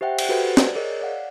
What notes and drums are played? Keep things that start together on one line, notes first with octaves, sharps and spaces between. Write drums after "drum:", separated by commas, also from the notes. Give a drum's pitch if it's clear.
G4 C5 E5 F#5 G5
drum: cymbal
F#4 G4 A4 B4 C5 F#5
D5, drum: snare
G#4 A#4 C#5 D#5
D5 F5 F#5